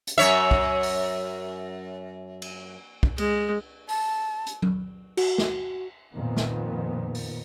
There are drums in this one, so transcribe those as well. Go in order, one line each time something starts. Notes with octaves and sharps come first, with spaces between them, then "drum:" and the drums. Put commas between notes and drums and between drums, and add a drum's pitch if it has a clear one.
drum: hi-hat
F#2 C#5 E5
drum: kick
drum: open hi-hat
drum: cymbal
drum: kick
G#3, drum: cymbal
A5, drum: open hi-hat
drum: hi-hat
drum: tom F#3
F#4, drum: cymbal
drum: snare
F2 A#2 D#3 F3 B3
drum: snare
drum: open hi-hat